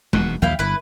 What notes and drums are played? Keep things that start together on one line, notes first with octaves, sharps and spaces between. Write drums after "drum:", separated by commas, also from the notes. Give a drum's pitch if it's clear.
E1 D#2 B2 F#5, drum: tom G#3
A#1 D#2 F#3 E4 F5 G5
G1 E4 B4